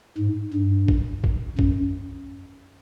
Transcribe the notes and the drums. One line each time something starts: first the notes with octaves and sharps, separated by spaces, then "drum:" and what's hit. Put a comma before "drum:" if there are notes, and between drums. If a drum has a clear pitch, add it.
G#2
G2
drum: kick
drum: kick
F#2, drum: kick